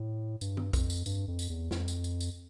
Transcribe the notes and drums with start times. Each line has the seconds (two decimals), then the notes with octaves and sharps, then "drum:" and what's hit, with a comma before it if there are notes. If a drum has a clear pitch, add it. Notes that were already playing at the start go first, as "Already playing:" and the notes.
Already playing: A2
0.41 G2, drum: tambourine
0.57 drum: tom
0.73 F2, drum: kick A#1, tambourine
0.90 drum: tambourine
1.06 G2, drum: tambourine
1.28 F2
1.39 drum: tambourine
1.50 E2
1.71 F2, drum: snare
1.88 drum: tambourine
2.04 drum: tambourine
2.20 drum: tambourine